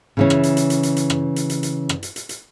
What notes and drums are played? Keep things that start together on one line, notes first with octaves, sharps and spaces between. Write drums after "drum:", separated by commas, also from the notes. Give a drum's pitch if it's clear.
C#3 E3 C#4
drum: rim click
drum: hi-hat
drum: hi-hat
drum: hi-hat
drum: hi-hat
drum: hi-hat
drum: rim click
drum: hi-hat
drum: hi-hat
drum: hi-hat
drum: rim click
drum: hi-hat
drum: hi-hat
drum: hi-hat